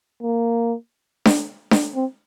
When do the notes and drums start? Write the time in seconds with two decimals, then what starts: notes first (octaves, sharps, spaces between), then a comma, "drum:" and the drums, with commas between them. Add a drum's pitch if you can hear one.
0.22 A#3
1.25 drum: snare D4
1.71 drum: snare D4
1.94 C4